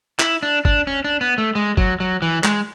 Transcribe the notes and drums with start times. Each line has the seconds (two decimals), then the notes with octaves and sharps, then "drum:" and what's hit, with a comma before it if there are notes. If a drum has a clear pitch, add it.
0.20 E4, drum: clap
0.43 D4
0.65 D4, drum: kick
0.87 C#4
1.04 D4
1.21 B3
1.38 A3
1.55 G#3
1.77 F#3, drum: kick
2.00 F#3
2.22 E3
2.44 G#3, drum: clap